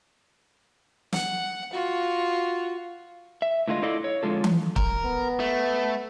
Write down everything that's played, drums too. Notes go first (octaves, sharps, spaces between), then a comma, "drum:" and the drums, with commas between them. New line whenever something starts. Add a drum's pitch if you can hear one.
F#5, drum: snare
F4 F#4
E5
A2 D3 G#3 F4 D#5
E4 A4 D5 D#5 F5
C#5
F2 D3 G#3 F4 A4
drum: tom E3
A#4, drum: kick
B3
A3